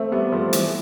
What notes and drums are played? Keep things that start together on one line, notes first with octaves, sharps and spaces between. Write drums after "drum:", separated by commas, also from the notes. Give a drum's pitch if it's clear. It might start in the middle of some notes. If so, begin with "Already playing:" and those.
Already playing: A3 C4
G3 B3
F3 A3
E3 G3, drum: hi-hat